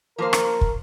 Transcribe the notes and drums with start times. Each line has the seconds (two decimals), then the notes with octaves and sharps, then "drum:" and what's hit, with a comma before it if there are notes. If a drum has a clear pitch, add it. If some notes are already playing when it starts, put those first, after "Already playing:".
0.18 F3 A#3 A#4 C5
0.33 drum: rim click
0.61 drum: kick